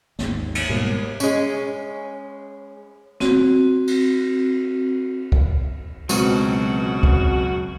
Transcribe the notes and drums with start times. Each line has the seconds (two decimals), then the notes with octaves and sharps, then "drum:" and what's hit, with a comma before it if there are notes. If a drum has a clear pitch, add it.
0.19 G#1 D#2 G#2, drum: snare
0.55 drum: cymbal
0.69 G#2 B2 G3 A#3
1.20 G#3 C#4, drum: tambourine
3.20 C4 F#4, drum: snare
3.87 drum: cymbal
5.32 drum: kick C2
6.09 C#2 B2 F#3 G#3 C4 F#4 D#7, drum: tambourine
7.03 drum: kick C2